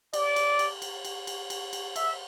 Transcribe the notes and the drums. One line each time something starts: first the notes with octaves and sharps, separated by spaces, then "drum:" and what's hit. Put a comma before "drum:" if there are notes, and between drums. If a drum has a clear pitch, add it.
D5, drum: cymbal
drum: cymbal
drum: cymbal
drum: cymbal
drum: cymbal
drum: cymbal
drum: cymbal
drum: cymbal
E5, drum: cymbal